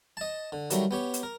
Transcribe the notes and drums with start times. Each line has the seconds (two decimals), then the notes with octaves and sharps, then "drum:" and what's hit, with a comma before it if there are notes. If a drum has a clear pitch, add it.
0.17 D#5 A5
0.52 D3
0.70 D#3 F#3 G3 A3, drum: hi-hat
0.91 B3 G4 C#5
1.14 drum: hi-hat
1.23 A#4